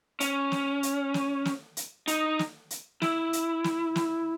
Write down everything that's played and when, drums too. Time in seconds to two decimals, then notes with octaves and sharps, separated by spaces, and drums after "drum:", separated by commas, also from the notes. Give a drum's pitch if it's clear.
0.20 C#4, drum: hi-hat
0.52 drum: snare
0.83 drum: hi-hat
1.14 drum: snare
1.45 drum: snare
1.77 drum: hi-hat
2.08 D#4, drum: hi-hat
2.39 drum: snare
2.70 drum: hi-hat
3.02 E4, drum: snare
3.33 drum: hi-hat
3.64 drum: snare
3.96 drum: snare